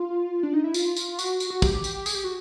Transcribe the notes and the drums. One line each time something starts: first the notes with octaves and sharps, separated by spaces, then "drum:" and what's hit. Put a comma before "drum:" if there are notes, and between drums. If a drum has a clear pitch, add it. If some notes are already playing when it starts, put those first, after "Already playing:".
Already playing: F4
D4
D#4
E4
F4, drum: tambourine
drum: tambourine
F#4, drum: tambourine
drum: tambourine
F#4
G4, drum: kick, tambourine
drum: tambourine
G#4, drum: tambourine
G4
F#4